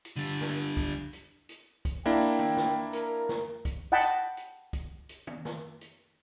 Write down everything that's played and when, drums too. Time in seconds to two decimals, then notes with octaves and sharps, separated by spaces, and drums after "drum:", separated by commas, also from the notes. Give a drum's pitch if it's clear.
0.05 drum: hi-hat
0.16 D3 G3
0.41 drum: snare
0.77 drum: kick, hi-hat
1.13 drum: hi-hat
1.49 drum: hi-hat
1.85 drum: kick, hi-hat
2.06 A#3 D4 E4 G5
2.21 drum: hi-hat
2.39 drum: tom
2.57 drum: snare
2.93 A#4, drum: hi-hat
3.29 drum: snare
3.65 drum: kick, hi-hat
3.92 D#5 F#5 G5 A5 B5
4.01 drum: hi-hat
4.37 drum: hi-hat
4.73 drum: kick, hi-hat
5.09 drum: hi-hat
5.27 drum: tom
5.45 drum: snare
5.81 drum: hi-hat